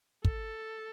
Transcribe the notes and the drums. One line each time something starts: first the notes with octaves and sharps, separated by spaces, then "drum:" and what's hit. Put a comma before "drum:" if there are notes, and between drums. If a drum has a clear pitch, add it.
A4, drum: kick